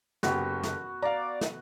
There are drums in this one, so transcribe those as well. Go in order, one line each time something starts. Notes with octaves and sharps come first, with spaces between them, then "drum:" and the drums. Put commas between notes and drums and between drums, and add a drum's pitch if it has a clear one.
F#1 B3 F#4 G4, drum: snare
drum: snare
D5 F5 A#5
drum: snare